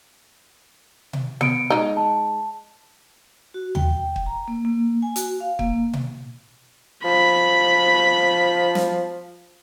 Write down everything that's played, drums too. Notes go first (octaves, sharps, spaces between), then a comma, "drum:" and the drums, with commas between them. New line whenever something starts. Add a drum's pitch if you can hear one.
drum: tom B2
B3 C#7 D7, drum: tom B2
G#3 D4 D#4
A5
F#4
G5, drum: tom D#2
drum: kick
A#5
A#3
A#3
G#5
F#4, drum: hi-hat
F5
A#3, drum: kick
drum: tom B2
F3 B5
drum: snare